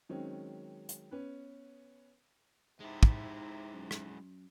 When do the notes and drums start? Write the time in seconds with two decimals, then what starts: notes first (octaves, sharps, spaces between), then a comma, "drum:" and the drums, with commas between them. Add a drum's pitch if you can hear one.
0.09 D#3 F#3 G#3 C4 C#4
0.89 drum: hi-hat
1.11 B3 C#4 B4
2.80 C3 G#3 D#4 E4
3.03 drum: kick
3.73 F#2
3.91 drum: rim click